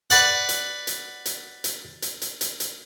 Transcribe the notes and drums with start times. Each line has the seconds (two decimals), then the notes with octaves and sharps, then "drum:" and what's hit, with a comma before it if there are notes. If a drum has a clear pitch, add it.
0.10 B4 D5 F#5, drum: hi-hat
0.49 drum: hi-hat
0.87 drum: hi-hat
1.26 drum: hi-hat
1.64 drum: hi-hat
2.02 drum: hi-hat
2.22 drum: hi-hat
2.41 drum: hi-hat
2.60 drum: hi-hat